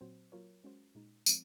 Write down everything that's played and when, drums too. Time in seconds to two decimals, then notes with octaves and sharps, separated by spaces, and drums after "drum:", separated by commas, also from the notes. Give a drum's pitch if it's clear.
0.01 A#2 F#3 C4 F#4 C5
0.32 F#3 A#3 F4 A#4 C#5
0.64 G#3 C#4 F#4 C5
0.95 A#2 G#3 D#4
1.26 F3 G#3 C4, drum: tambourine